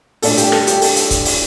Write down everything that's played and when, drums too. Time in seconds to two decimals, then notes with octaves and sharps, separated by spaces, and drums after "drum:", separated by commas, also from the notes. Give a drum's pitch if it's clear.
0.22 A#2 A3 D4 A4, drum: open hi-hat
0.37 G4, drum: hi-hat
0.52 A4, drum: rim click
0.67 G4, drum: hi-hat
0.81 A4, drum: open hi-hat
0.96 drum: hi-hat
1.11 drum: kick, hi-hat
1.25 drum: open hi-hat